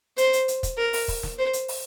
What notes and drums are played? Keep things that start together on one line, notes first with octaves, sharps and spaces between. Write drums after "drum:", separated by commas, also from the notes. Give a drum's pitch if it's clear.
C5, drum: hi-hat
drum: hi-hat
drum: hi-hat
drum: kick, hi-hat
A#4
drum: open hi-hat
drum: kick, open hi-hat
drum: snare
C5
drum: hi-hat
drum: open hi-hat